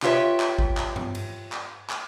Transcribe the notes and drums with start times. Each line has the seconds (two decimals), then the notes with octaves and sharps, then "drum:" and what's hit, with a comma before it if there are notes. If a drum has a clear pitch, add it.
0.02 F4 G4 B4 C#5 E5 G5, drum: clap
0.40 drum: clap
0.59 drum: kick G#1
0.77 drum: clap
0.96 drum: tom G2
1.15 drum: cymbal
1.52 drum: clap
1.90 drum: clap